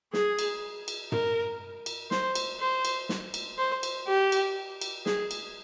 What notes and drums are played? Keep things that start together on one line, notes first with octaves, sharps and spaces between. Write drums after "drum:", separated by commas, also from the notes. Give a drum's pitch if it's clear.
G#4, drum: snare
drum: cymbal
drum: cymbal
A#4, drum: tom
drum: cymbal
C5, drum: snare
drum: cymbal
C5
drum: cymbal
drum: snare
drum: cymbal
C5
drum: cymbal
G4
drum: cymbal
drum: cymbal
G#4, drum: snare
drum: cymbal